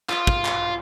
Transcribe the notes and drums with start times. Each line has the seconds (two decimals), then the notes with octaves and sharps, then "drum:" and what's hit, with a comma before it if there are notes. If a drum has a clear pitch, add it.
0.10 F4, drum: clap
0.27 drum: kick
0.45 drum: clap